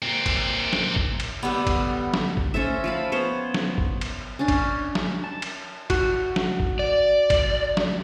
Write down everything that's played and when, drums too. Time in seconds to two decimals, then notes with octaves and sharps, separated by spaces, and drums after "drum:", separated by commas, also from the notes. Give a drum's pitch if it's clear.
0.02 A#2 C4
0.26 drum: kick G#1, cymbal
0.73 drum: snare
0.96 drum: kick G#1
1.20 drum: cymbal
1.43 D3 G3 B3
1.67 drum: kick G#1, cymbal
2.14 drum: snare
2.37 drum: kick G#1
2.54 C#4 A4 C5 E5
2.84 F3 F5 B5
3.12 B3 C5 C#5
3.54 drum: snare
3.78 drum: kick G#1
4.01 drum: cymbal
4.39 C#4 D4
4.48 drum: kick G#1, cymbal
4.95 drum: snare
5.24 A5
5.42 drum: cymbal
5.90 F#4, drum: kick G#1, cymbal
6.36 drum: snare
6.60 drum: kick G#1
6.79 D5
7.30 drum: kick G#1, cymbal
7.77 drum: snare